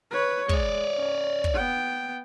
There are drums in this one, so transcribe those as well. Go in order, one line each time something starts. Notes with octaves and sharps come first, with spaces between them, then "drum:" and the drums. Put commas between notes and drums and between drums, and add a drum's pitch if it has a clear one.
B4 C#5
G#3 C#5 D5, drum: kick
C#4
drum: kick
B3 G5